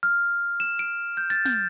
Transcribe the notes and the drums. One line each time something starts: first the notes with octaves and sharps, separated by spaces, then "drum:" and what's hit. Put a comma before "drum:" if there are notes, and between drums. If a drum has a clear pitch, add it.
F6
E7
D7
G6
A6, drum: hi-hat
G6, drum: snare